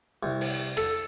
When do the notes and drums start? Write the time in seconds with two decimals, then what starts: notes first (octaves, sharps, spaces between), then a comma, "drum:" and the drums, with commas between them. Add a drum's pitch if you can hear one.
0.23 C2
0.41 drum: open hi-hat
0.77 A4, drum: rim click